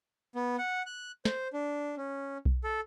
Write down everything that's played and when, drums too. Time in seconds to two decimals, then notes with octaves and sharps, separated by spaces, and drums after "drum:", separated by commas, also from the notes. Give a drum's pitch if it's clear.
0.35 B3
0.58 F#5
0.86 F#6
1.25 C5, drum: snare
1.53 D4
1.97 C#4
2.45 drum: kick B1
2.64 A4